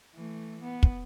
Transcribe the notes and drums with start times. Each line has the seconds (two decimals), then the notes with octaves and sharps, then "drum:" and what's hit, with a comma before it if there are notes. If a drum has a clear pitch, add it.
0.15 E3 A3
0.63 B3
0.83 drum: kick